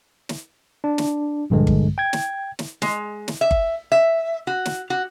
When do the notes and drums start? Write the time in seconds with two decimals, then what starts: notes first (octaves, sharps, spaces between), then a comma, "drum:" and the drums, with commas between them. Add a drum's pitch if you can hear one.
0.29 drum: snare
0.84 D4
0.98 drum: snare
1.50 A#1 G2 D3 G#3
1.67 drum: kick G1
1.98 G5 G#6
2.13 drum: snare
2.59 drum: snare
2.82 G#3, drum: snare
3.28 drum: snare
3.41 E5
3.51 drum: kick G1
3.92 E5
4.47 F#4
4.65 drum: snare
4.90 F#4